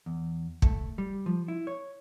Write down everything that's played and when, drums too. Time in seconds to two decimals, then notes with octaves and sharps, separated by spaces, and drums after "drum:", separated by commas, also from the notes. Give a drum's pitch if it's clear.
0.06 E2
0.62 A3, drum: kick
0.98 G3
1.26 F3
1.48 E4
1.67 C#5